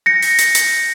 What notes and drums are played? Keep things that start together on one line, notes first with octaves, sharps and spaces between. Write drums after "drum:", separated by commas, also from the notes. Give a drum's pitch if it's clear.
G6 A#6 C#7
drum: open hi-hat
drum: hi-hat
drum: hi-hat